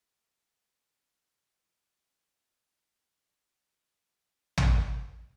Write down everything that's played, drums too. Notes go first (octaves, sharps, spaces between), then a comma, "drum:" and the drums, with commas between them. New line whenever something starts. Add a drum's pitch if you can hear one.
E4 C5 G5
E3 D4 C5 D5 G#5
C5 C#5
drum: tom